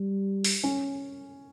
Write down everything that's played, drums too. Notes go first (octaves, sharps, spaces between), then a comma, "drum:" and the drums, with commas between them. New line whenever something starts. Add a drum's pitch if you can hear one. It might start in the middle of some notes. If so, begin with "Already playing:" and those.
Already playing: G3
drum: open hi-hat
C#4